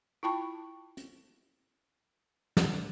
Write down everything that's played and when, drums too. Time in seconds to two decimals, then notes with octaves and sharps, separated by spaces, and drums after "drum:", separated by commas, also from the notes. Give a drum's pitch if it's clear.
0.23 E4 F4 G5 A5 B5 C#6
0.97 drum: hi-hat
2.57 drum: snare